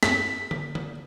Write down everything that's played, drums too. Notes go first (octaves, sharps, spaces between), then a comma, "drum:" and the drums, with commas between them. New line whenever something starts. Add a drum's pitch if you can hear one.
B6, drum: snare
drum: tom D3
drum: tom D3